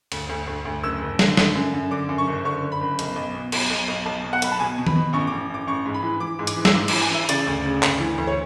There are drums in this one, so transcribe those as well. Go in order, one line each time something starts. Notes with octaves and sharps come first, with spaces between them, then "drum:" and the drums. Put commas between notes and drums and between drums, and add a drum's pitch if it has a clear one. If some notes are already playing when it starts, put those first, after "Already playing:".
D2, drum: cymbal
D2
D2
D2
F#1 E6
F#1
D3, drum: snare
D3, drum: snare
F#2
F#2
D3 D6
F#2
C#6
F#1
D3 C#6
D3
B5
F#1
B1, drum: hi-hat
B1
B2
B1, drum: cymbal
B1
B1
B1 A5
B2
F#5
B1 B5, drum: hi-hat
A5
B2 G#5
B2
B5, drum: tom D#3
B2
A1 C#6
A1 D6
A1 D6
A1 C#6
G#2
B5
E3
E3 D6
G#2
D6, drum: hi-hat
E3
E6, drum: snare
G#2 D6
D6, drum: cymbal
E3
G#5
E3 E5
C#3 D5, drum: hi-hat
D2
C#3
D2, drum: clap
E3
D2
C#5